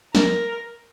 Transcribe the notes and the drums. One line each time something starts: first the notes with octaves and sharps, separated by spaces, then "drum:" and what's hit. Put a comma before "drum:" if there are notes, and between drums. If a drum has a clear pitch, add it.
A#4, drum: snare